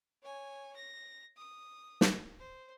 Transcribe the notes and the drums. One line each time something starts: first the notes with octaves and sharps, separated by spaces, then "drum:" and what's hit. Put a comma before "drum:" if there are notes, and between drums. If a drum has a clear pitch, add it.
C#5 G#5
A#6
D#6
drum: snare
C5